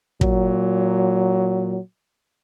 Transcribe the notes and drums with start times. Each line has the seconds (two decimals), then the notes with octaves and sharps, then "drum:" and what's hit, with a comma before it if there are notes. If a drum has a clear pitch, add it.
0.21 A#2 F#3, drum: kick